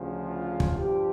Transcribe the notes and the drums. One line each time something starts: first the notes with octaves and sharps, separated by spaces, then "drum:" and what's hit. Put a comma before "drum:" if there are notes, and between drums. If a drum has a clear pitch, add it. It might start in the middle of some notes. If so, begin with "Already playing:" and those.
Already playing: D2 C#3 F3
F4
drum: kick
G2 F3 G4